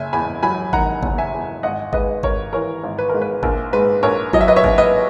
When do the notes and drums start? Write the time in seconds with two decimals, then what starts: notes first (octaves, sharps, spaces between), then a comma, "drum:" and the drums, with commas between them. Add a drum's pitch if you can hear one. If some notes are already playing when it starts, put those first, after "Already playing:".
Already playing: F#1 E5 G#5
0.13 E2 G#5 B5
0.43 F#3 G#5 B5
0.73 D#3 F#5 A#5, drum: kick G1
1.03 F#1, drum: kick G1
1.18 E5 G#5
1.34 E2
1.63 G#1 D#5 F#5
1.93 G#2 B4 D#5, drum: kick G1
2.23 G#1 A#4 C#5, drum: kick G1
2.53 E3 A#4 C#5
2.83 G#1
2.99 B4
3.09 G#2 A#4
3.22 B4
3.43 A#1 A#4, drum: kick G1
3.73 G#2 B4
4.03 A#1 A#4 C#5
4.33 F#3 D#5, drum: kick G1
4.41 E5
4.48 B4 D#5
4.56 C#5 E5
4.64 A#1, drum: kick G1
4.78 B4 D#5